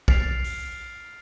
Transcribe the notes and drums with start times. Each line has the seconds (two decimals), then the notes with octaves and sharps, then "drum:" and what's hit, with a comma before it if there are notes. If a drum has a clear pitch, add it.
0.08 F6 A6 B6 C7 D7 F7, drum: kick
0.44 drum: open hi-hat